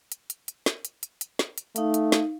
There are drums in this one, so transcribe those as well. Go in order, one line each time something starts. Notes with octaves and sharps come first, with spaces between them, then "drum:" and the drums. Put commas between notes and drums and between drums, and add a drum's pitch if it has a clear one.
drum: hi-hat
drum: hi-hat
drum: hi-hat
drum: snare
drum: hi-hat
drum: hi-hat
drum: hi-hat
drum: snare
drum: hi-hat
A3 D#4 F5, drum: hi-hat
drum: hi-hat
drum: snare